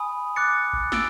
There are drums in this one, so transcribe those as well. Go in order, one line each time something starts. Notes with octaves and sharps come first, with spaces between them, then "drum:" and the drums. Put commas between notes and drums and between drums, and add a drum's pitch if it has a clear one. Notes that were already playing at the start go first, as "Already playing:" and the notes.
Already playing: G#5 B5 D#6
D6 F#6 A6 C#7
drum: kick A1
E6 A6 D7, drum: snare